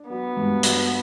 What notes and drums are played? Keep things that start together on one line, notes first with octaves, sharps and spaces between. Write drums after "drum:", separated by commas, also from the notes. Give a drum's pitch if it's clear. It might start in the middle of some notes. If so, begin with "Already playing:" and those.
Already playing: D4
F#3 B3
G2
F#3, drum: hi-hat